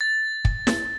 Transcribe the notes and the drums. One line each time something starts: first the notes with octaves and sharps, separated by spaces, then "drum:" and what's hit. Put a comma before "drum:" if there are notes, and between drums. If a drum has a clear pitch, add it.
A6
drum: kick
drum: snare